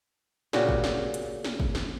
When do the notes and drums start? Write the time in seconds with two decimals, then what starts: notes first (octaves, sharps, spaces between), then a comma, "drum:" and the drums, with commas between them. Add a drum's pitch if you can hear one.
0.53 A#2 C#3 F#4 G4, drum: snare
0.68 drum: kick
0.84 drum: snare
1.14 drum: hi-hat
1.44 drum: snare
1.60 drum: kick
1.75 drum: snare